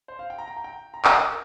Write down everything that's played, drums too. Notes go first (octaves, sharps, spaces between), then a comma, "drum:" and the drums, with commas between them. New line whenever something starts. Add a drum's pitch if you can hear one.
C5
F5
G5
A#5
G5
A#5
G5
A#5
G5, drum: clap
D#5
A#4